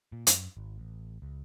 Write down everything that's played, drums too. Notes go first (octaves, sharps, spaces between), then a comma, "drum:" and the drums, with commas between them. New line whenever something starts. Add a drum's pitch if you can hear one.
A#2
F#2, drum: hi-hat
G#1
A1
C#2